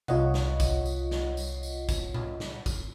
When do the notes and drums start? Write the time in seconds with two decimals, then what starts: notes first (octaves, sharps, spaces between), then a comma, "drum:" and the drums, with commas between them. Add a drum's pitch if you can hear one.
0.08 C2 F4 C#5 D#5 F#5, drum: tom C3
0.34 drum: snare
0.60 drum: kick G#1, tambourine
0.86 drum: tambourine
1.11 drum: snare
1.37 drum: tambourine
1.63 drum: tambourine
1.89 drum: kick G#1, tambourine
2.14 drum: tom A2
2.40 drum: snare
2.66 drum: kick G#1, tambourine